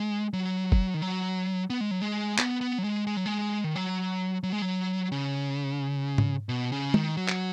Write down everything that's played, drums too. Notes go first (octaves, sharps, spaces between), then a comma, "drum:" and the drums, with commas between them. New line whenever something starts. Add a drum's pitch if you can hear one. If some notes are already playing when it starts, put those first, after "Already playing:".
Already playing: G#3
F#3
drum: kick
D#3
F#3
B3
G#3
F#3
G#3
B3, drum: clap
B3
F#3
G#3
G#3
F#3
G#3
D#3
F#3
F#3
G#3
F#3
C#3
drum: tom G#2
B2
C#3
D#3, drum: tom
F#3
drum: clap